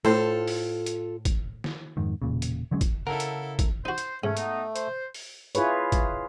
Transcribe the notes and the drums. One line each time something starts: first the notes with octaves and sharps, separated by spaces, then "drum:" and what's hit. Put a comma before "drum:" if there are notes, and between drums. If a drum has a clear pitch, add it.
A2 F4 A4 C5
drum: open hi-hat
drum: hi-hat
drum: kick, hi-hat
drum: snare
F2 G#2 D#3
E1 A#2 C#3
drum: hi-hat
D3 F#3 G#3 C#4
drum: kick, hi-hat
C#3 E4 A4 A#4 F#5 A5
drum: hi-hat
drum: kick, hi-hat
D#4 F#4 C5
drum: hi-hat
G#2 A3 C#4
B3 D#4, drum: hi-hat
C5, drum: hi-hat
drum: open hi-hat
E4 F4 G#4 B4 C#5, drum: hi-hat
drum: kick, hi-hat